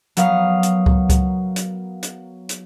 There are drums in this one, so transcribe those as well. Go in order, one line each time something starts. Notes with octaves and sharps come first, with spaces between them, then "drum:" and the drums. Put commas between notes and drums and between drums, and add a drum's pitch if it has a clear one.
F#3 B3 A#4 F5 D#6, drum: hi-hat
drum: hi-hat
drum: kick C#2
drum: kick C#2, hi-hat
drum: hi-hat
drum: hi-hat
drum: hi-hat